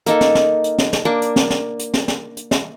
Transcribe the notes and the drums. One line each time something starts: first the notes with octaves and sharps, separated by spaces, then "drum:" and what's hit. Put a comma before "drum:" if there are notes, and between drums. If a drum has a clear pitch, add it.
A#3 D#4 A4, drum: hi-hat
drum: snare
drum: snare
drum: hi-hat
drum: snare
drum: snare
A#3 D4
drum: hi-hat
drum: snare
drum: snare
drum: hi-hat
drum: snare
drum: snare
drum: hi-hat
drum: snare